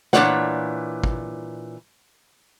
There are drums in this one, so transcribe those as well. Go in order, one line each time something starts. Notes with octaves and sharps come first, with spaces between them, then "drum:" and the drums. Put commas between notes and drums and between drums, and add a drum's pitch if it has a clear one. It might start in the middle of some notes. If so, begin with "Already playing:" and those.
A#2 E3 C4 D4 C#5 F#5, drum: snare
drum: kick